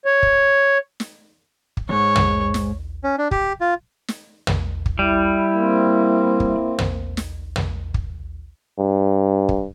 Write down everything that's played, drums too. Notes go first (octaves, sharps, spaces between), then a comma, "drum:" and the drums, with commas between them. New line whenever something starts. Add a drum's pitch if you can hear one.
C#5
drum: kick
drum: snare
drum: kick
E2 G#2 C#5
drum: tom
drum: snare
C#4
D4
G4, drum: kick
F4
drum: snare
drum: tom
drum: kick
G3 E4
A#3 C4
drum: kick
drum: tom
drum: snare
drum: tom
drum: kick
G2
drum: kick